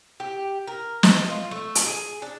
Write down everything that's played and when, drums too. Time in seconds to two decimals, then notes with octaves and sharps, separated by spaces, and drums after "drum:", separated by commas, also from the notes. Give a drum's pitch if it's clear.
0.20 G4
0.67 A#4
1.03 D#5, drum: snare
1.30 F4
1.51 A3
1.75 drum: hi-hat
1.86 G#4
2.22 D4